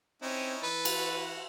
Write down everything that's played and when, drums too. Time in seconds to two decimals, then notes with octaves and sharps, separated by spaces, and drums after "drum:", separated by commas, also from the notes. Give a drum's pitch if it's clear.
0.22 C4 C#4 D#4 E4
0.63 E3 A4 B4
0.85 drum: cymbal
0.96 F#4